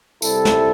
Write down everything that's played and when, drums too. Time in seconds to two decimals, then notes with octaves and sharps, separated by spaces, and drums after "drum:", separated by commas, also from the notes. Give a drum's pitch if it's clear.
0.22 C2 C3 G3 C4 E4 A4, drum: tambourine
0.45 drum: snare